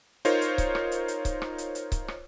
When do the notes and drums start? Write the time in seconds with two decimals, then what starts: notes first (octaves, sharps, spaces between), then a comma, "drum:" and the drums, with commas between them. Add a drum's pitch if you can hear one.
0.25 D#4 F4 A#4 C5 C#5, drum: hi-hat
0.41 drum: hi-hat
0.58 drum: kick C#1, hi-hat
0.75 drum: rim click
0.92 drum: hi-hat
1.08 drum: hi-hat
1.25 drum: kick C#1, hi-hat
1.42 drum: rim click
1.58 drum: hi-hat
1.75 drum: hi-hat
1.92 drum: kick C#1, hi-hat
2.08 drum: rim click